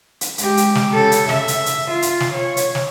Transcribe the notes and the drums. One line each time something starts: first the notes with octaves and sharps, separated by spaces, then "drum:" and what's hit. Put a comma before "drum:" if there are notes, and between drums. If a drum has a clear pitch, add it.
drum: hi-hat
G#3 G4, drum: hi-hat
drum: hi-hat
drum: snare
C#3 A4
drum: hi-hat
E5, drum: snare
drum: hi-hat
drum: hi-hat
F4
drum: hi-hat
drum: snare
C#5
drum: hi-hat
drum: snare